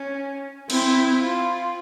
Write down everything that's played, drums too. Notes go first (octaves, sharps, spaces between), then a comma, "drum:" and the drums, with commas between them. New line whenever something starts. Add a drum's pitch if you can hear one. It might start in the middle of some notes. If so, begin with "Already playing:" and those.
Already playing: C#4
C4 E4, drum: cymbal
F4